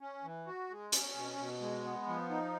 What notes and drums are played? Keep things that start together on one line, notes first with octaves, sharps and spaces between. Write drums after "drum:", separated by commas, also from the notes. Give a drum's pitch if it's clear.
C#4
E3
F#4
G#3
C#4, drum: hi-hat
B2
B2
G#3
B3
F3
D#4